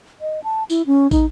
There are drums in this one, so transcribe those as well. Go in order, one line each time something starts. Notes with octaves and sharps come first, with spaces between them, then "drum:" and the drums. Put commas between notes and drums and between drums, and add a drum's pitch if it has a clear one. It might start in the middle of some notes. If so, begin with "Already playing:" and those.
D#5
A5
E4, drum: tambourine
C#4
D#4, drum: kick, tambourine